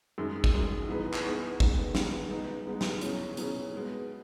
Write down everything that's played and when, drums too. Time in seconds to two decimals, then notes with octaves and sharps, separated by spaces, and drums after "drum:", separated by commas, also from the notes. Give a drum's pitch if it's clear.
0.18 F#2 D#3 G#3
0.44 drum: kick
0.53 F#2 D#3 G#3
0.88 E3 B3 D#4 G#4 B4
1.14 drum: clap
1.25 E3 B3 D#4 G#4 B4
1.60 D#3 G#3 B3, drum: kick
1.95 D#3 G#3 B3, drum: snare
2.31 G#3 B3 D#4
2.67 G#3 B3 D#4
2.81 drum: snare
3.01 B2 F#3 C#4 E4 G#4, drum: hi-hat
3.37 B2 F#3 C#4 E4 G#4, drum: hi-hat
3.74 B2 G#3 B3